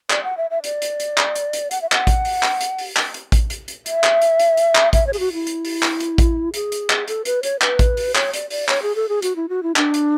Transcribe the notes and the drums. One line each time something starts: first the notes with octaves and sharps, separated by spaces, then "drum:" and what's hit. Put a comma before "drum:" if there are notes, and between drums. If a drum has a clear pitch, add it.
D5, drum: clap
F#5
E5
E5
D5, drum: hi-hat
drum: hi-hat
drum: hi-hat
drum: clap
drum: hi-hat
drum: hi-hat
F#5, drum: hi-hat
E5
F#5, drum: clap
drum: kick A1, hi-hat
drum: open hi-hat
drum: clap
drum: hi-hat
drum: open hi-hat
drum: clap
drum: hi-hat
drum: kick A1, hi-hat
drum: hi-hat
drum: hi-hat
E5, drum: hi-hat
drum: clap
drum: hi-hat
drum: hi-hat
drum: hi-hat
drum: clap
E5, drum: kick A1, hi-hat
C#5
G#4, drum: open hi-hat
F#4
E4
drum: hi-hat
drum: open hi-hat
drum: clap
drum: hi-hat
drum: kick A1, hi-hat
G#4, drum: hi-hat
drum: hi-hat
drum: clap
A4, drum: hi-hat
B4, drum: hi-hat
C#5, drum: hi-hat
B4, drum: clap
drum: kick A1, hi-hat
drum: open hi-hat
C#5, drum: clap
D5, drum: hi-hat
D5, drum: open hi-hat
C#5, drum: clap
G#4
A4
G#4
F#4, drum: hi-hat
E4
F#4
E4
D4, drum: clap
drum: hi-hat